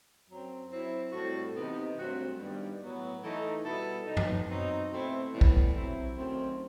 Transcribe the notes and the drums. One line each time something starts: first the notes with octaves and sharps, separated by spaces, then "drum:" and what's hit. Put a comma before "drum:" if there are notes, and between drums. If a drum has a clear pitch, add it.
F#2 F#3 C4
F#3 C4 E4
A2 G3 C4 F#4 A4
C3 E3 B3 D#4
G2 F#3 A3 C4 F#4
G2 D#3 G3 B3
A2 F#3 B3
E3 A3 D#4 A4
B2 G3 B3 E4 A4
F#3 B3 D#4
drum: tom F#2
B2 F#3 C4 D#4
B2 A3 C4 E4
A2 E3 G3 B3
drum: kick
C3 F#3 C4 E4
F#2 D#3 A3 C4